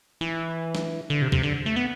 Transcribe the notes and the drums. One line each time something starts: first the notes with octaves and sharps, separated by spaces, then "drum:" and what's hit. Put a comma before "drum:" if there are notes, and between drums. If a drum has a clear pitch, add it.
E3
drum: snare
D3
C3
C3, drum: kick C#2
D3
A3
B3